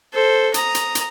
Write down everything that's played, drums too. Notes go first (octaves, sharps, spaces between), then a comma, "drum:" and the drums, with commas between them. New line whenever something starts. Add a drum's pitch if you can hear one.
A4 C5
A#5 D#6, drum: hi-hat
drum: hi-hat
drum: hi-hat